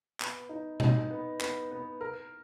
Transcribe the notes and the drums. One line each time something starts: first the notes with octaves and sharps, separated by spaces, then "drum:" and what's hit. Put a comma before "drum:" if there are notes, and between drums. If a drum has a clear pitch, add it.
B3, drum: clap
D#4
D#4, drum: tom B2
B3
B3, drum: clap
B3
A#4